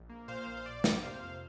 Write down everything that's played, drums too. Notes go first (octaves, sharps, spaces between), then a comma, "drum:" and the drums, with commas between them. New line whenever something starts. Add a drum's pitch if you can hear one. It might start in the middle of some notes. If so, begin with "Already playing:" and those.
Already playing: A#1
A#3
A#2 C5 F5
A#1
C5
A#1 D5
A#3, drum: snare
C3 C5 F5
F2